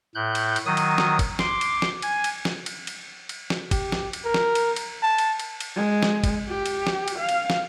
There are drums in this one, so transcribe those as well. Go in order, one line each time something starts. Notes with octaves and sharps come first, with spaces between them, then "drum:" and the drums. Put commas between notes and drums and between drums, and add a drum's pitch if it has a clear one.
A2 F#6 G6
drum: cymbal
drum: cymbal
D#3 F#3 D#6
drum: cymbal
drum: snare
drum: kick, cymbal
C6 D6, drum: snare
drum: cymbal
drum: snare
G#5, drum: cymbal
drum: cymbal
drum: snare
drum: cymbal
drum: cymbal
drum: cymbal
drum: snare
G4, drum: kick, cymbal
drum: snare
drum: cymbal
A#4
drum: snare
drum: cymbal
drum: cymbal
A5
drum: cymbal
drum: cymbal
drum: cymbal
G#3
drum: snare
drum: kick, cymbal
G4
drum: cymbal
drum: snare
drum: cymbal
F5
drum: cymbal
drum: snare